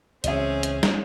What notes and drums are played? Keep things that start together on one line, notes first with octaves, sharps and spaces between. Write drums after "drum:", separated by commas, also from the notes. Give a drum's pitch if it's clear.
C#2 E3 C4 C#4 G#4 D#5 E5, drum: hi-hat
drum: hi-hat
drum: snare